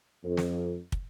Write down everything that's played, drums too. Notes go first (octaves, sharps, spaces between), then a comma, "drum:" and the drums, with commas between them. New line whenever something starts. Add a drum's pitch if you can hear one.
F2
drum: snare
drum: kick